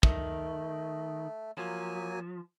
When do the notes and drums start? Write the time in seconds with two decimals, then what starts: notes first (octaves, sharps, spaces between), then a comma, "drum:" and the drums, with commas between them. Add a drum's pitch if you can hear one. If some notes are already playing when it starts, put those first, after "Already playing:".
0.03 D#3 A3, drum: kick
1.58 F3 F#3 A#3 G#5